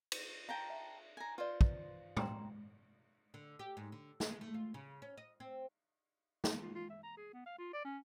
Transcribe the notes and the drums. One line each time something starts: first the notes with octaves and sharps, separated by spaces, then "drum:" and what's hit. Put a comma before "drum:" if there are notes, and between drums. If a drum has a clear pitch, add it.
drum: cymbal
F5 G5 A5 A#5
E5
G#5 A#5
F4 B4 C5 D5
drum: kick
G5 A#5 C6, drum: tom A2
D3
G4
G#2
D3
G#3, drum: snare
A3
F4
C#3
C#4
D#5
C4
drum: snare
F4
F4
E5
A#5
G#4
B3
F5
F4
D5
C#4